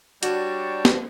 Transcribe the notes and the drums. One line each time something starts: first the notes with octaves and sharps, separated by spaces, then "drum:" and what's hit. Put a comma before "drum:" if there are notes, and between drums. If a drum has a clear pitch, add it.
G3 D4 F#4 C#5, drum: hi-hat
drum: snare